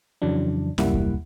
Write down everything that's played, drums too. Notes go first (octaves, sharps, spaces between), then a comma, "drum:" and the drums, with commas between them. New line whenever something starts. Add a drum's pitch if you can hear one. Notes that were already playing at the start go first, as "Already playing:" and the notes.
F2 C#3 E3 F#3 D4
C2 F#2 G3 A#3 E4 F#5, drum: snare
drum: kick D#2